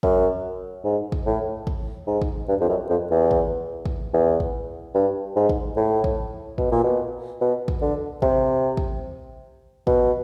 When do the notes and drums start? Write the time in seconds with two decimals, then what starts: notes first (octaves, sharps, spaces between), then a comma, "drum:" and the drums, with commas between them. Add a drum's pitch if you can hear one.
0.03 F#2, drum: kick
0.84 G#2
1.12 drum: kick
1.26 A2
1.67 drum: kick
2.07 G#2
2.22 drum: kick
2.49 G2
2.61 F2
2.69 F#2
2.90 F2
3.11 E2
3.31 drum: kick
3.86 drum: kick
4.13 E2
4.40 drum: kick
4.95 G2
5.36 G#2
5.49 drum: kick
5.77 A2
6.04 drum: kick
6.58 B2, drum: kick
6.72 A#2
6.84 B2
7.41 B2
7.68 drum: kick
7.82 D3
8.22 C3, drum: kick
8.77 drum: kick
9.87 B2, drum: kick